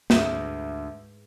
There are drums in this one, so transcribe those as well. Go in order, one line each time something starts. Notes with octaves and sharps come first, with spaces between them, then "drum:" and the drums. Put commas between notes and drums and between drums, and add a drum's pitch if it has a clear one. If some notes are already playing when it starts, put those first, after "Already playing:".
D2 G#2 G#3 B4 E5 G6, drum: snare